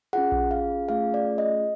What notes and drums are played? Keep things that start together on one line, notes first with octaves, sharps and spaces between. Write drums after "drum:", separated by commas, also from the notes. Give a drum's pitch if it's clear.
C#4 F4 G#4 F#5
drum: kick A#1
F5
A3 C#4 F4 G#4 F5
D5
D#5